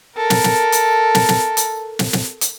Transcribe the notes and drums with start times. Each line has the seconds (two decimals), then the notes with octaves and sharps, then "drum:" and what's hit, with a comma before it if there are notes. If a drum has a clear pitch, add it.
0.16 A4 A#4
0.30 drum: snare
0.44 drum: snare
0.72 drum: hi-hat
1.15 drum: snare
1.29 drum: snare
1.57 drum: hi-hat
1.99 drum: snare
2.13 drum: snare
2.41 drum: hi-hat